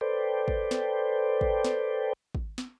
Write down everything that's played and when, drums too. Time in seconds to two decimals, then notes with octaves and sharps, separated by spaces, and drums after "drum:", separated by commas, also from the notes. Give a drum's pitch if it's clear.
0.01 A4 B4 C5 D5 G5
0.48 drum: kick
0.71 drum: snare
1.41 drum: kick
1.64 drum: snare
2.35 drum: kick
2.58 drum: snare